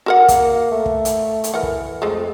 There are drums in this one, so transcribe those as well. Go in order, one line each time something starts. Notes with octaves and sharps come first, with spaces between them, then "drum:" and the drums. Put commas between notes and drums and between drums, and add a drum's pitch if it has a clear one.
F#4 A#4 F#5
A#3, drum: kick, hi-hat
A3
drum: kick
drum: hi-hat
drum: hi-hat
E3 A#4 F#5
drum: kick
F2 G#3 A3